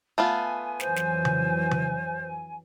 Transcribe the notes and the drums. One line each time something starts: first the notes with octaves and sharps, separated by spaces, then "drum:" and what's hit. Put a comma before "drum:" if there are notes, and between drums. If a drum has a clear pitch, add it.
A3 B3 F4 G#5
F2 E3 F#3 C5, drum: snare
drum: snare
drum: tom C#3
drum: tom C#3